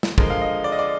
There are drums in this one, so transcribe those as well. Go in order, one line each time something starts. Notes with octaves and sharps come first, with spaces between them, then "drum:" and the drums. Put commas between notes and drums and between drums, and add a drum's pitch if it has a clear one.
drum: snare
D3 F3 G#3 A#4, drum: kick
F5
D#5
D5
D#5
D5